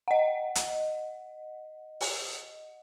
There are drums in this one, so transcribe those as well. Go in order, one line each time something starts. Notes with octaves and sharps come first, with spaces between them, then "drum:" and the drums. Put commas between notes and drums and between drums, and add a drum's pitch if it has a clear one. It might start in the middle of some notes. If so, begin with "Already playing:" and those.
D#5 F#5
drum: hi-hat
drum: open hi-hat